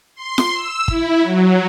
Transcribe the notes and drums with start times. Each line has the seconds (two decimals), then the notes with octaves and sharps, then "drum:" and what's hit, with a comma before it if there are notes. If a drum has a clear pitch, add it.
0.15 C6
0.38 drum: snare
0.53 E6
0.88 E4, drum: kick
1.20 F#3